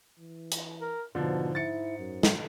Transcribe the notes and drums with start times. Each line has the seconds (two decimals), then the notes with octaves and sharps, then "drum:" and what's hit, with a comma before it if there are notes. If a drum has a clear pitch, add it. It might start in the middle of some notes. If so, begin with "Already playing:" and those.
0.18 E3
0.52 drum: hi-hat
0.81 A#4
1.15 G#2 B2 D3 F3
1.55 E4 A6 C#7
1.99 F#2
2.23 drum: snare